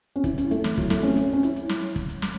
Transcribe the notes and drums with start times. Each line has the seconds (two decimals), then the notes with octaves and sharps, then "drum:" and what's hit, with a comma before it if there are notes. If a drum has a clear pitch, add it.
0.16 C#4
0.24 E4, drum: kick, hi-hat
0.38 C#4, drum: hi-hat
0.51 A3, drum: hi-hat
0.64 E3, drum: snare
0.78 F#3, drum: kick, hi-hat
0.90 A3, drum: snare
1.03 C#4, drum: hi-hat
1.17 drum: hi-hat
1.33 C#4
1.43 E4, drum: hi-hat
1.56 drum: hi-hat
1.69 drum: snare
1.83 drum: hi-hat
1.96 drum: kick, hi-hat
2.09 drum: hi-hat
2.22 drum: snare